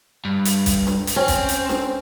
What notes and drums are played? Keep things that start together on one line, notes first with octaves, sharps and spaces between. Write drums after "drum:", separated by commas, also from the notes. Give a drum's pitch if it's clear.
G2
drum: hi-hat
drum: kick, hi-hat
drum: snare
drum: hi-hat
C4 C#4
drum: kick, hi-hat
drum: hi-hat
drum: snare